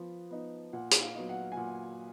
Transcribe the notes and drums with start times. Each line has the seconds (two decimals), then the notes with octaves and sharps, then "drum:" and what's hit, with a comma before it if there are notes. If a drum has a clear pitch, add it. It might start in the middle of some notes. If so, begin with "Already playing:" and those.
Already playing: F3 B3
0.31 B3 D#4
0.73 A#2 F#5
0.91 drum: hi-hat
1.01 F5
1.15 F#3 B3 D#4
1.29 F#5
1.52 G#5
1.57 A#2 F#5